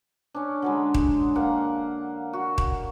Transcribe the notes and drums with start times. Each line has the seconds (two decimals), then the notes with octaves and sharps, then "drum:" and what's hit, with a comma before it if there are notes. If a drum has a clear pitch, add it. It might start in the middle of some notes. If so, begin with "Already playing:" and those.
0.34 C#4 D4
0.62 D3 F#3 G#3
0.94 drum: kick D#1
1.35 A#3 F5 F#5
2.33 F#4
2.58 drum: kick D#1